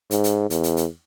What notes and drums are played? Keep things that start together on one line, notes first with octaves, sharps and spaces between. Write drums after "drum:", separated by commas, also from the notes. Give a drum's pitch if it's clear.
G#2, drum: hi-hat
drum: hi-hat
E2, drum: hi-hat
drum: hi-hat
drum: hi-hat